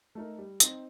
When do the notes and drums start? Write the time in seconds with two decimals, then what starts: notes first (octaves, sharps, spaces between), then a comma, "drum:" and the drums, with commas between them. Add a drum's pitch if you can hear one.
0.15 A3 D#4 A#4
0.38 G3
0.60 C4 D#4, drum: hi-hat